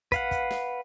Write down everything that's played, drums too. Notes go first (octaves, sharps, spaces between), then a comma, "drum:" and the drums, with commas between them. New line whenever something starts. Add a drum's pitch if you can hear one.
B4 F5 F#5, drum: kick, hi-hat
drum: kick, hi-hat
drum: snare